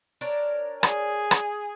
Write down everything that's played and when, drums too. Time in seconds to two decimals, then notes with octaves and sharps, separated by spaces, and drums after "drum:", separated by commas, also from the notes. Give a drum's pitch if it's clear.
0.21 D4 A#4 C#5
0.83 G#4, drum: rim click
1.31 drum: rim click